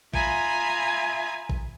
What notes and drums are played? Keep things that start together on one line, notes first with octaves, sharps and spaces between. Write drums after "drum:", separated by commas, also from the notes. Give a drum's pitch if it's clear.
F4 E5 G#5 A#5 B5 D#6, drum: kick A1
drum: kick A1